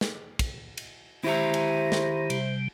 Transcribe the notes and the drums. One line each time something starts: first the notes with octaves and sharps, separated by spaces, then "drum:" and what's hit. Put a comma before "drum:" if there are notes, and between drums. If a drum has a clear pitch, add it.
drum: snare
drum: kick, cymbal
drum: cymbal
D#3 E4 G4 C5 E5 A#5
drum: cymbal
drum: snare
C3 G3, drum: cymbal